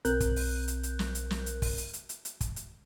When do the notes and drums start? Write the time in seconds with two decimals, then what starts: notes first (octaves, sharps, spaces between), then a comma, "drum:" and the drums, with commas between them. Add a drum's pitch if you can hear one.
0.05 B1 C4 A#4 F#6 G6, drum: hi-hat
0.20 drum: kick, hi-hat
0.36 drum: open hi-hat
0.68 drum: hi-hat
0.83 drum: hi-hat
0.99 drum: snare
1.15 drum: hi-hat
1.31 drum: snare
1.46 drum: hi-hat
1.62 drum: kick, open hi-hat
1.78 drum: hi-hat
1.93 drum: hi-hat
2.09 drum: hi-hat
2.25 drum: hi-hat
2.41 drum: kick, hi-hat
2.56 drum: hi-hat